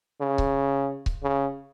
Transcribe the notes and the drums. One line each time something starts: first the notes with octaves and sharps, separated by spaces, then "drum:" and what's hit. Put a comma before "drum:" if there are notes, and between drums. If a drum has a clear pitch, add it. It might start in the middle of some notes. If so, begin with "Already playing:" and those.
C#3
drum: kick C#1
drum: kick C#1
C#3